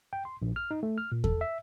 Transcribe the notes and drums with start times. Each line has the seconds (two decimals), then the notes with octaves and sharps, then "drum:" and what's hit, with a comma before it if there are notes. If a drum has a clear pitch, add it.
0.13 G5
0.25 C6
0.42 A#1
0.56 F6
0.71 D#4
0.83 A3
0.98 F6
1.12 A#2
1.24 A4, drum: kick E2
1.41 E5